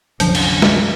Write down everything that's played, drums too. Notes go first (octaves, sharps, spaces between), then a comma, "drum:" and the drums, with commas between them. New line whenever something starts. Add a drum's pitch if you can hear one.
C2 F#2 D3 F3, drum: hi-hat
drum: cymbal
drum: snare